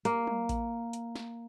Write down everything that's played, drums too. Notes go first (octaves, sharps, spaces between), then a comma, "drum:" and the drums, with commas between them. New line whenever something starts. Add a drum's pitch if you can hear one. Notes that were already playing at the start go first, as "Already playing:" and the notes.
A#3, drum: hi-hat
drum: tom F#3
drum: kick A1, hi-hat
drum: hi-hat
drum: snare